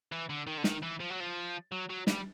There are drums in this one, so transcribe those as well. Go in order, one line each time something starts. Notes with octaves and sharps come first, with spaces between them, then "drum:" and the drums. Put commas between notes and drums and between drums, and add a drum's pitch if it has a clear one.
E3
D3
D#3
D3
D#3, drum: snare
E3
F3
F#3
F3
F#3
F#3
G3, drum: snare